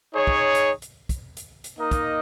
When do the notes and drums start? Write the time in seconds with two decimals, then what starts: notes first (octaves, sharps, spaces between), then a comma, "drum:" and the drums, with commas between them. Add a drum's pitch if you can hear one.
0.14 D#4 G#4 C#5
0.27 drum: kick
0.55 drum: hi-hat
0.82 drum: hi-hat
1.09 drum: kick, hi-hat
1.37 drum: hi-hat
1.64 drum: hi-hat
1.78 A#3 D#4 A#4 D#5
1.91 drum: kick, hi-hat